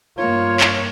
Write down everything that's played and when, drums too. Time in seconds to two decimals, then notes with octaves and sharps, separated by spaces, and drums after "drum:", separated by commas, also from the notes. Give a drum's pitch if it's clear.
0.18 G2 A#3 F4 C#5
0.60 drum: clap